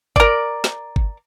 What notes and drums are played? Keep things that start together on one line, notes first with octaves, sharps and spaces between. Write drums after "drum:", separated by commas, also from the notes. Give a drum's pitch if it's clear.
A#4 D5, drum: kick G1
drum: snare
drum: kick G1